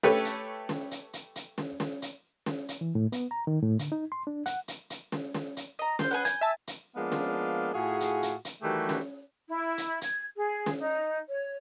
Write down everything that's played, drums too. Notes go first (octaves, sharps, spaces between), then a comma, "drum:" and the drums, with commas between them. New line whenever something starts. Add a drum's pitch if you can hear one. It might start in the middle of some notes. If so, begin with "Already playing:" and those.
A3 G4 A4 B4 C#5, drum: snare
drum: hi-hat
drum: snare
drum: hi-hat
drum: hi-hat
drum: hi-hat
drum: snare
drum: snare
drum: hi-hat
drum: snare
drum: hi-hat
E3
A2
B3, drum: hi-hat
A#5
D#3
A2
D3, drum: hi-hat
D#4
C6
D4
F#5, drum: hi-hat
drum: hi-hat
drum: hi-hat
drum: snare
drum: snare
drum: hi-hat
D#5 A#5
C5 F5 G6, drum: snare
G#4 B4 F#5
G#5, drum: hi-hat
E5 A5
drum: hi-hat
F3 G#3 A#3 B3 D4 F5
drum: snare
A2 F4 F#4 G#4
drum: hi-hat
drum: hi-hat
drum: hi-hat
D#3 E3 G3 A3 F#4 G4
drum: snare
E4
drum: hi-hat
G#6, drum: hi-hat
G#4
drum: snare
D#4
C#5